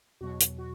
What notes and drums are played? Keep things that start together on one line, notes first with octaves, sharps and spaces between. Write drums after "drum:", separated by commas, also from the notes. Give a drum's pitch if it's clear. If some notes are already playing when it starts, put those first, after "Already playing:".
E2 B2 F#3 F#4
drum: hi-hat
F#4